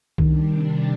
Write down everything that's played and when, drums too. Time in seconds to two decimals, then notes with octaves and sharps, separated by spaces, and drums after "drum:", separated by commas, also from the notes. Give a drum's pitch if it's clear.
0.18 C3 D#3 G3 D4, drum: kick C2